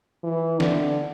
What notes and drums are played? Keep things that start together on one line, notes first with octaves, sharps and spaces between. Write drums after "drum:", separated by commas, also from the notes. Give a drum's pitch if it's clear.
E3
D3, drum: snare